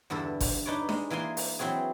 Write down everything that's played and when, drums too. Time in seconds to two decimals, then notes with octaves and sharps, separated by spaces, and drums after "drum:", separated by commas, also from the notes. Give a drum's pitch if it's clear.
0.10 E2 G2 D3 A4
0.40 drum: kick G1, open hi-hat
0.66 D4 D#4 B4 C#5 D5
0.89 G#3, drum: snare D4
1.10 E3 A#3 G#4 G#5 C6
1.37 drum: open hi-hat
1.59 E3 F#3 C4 F#4 G#4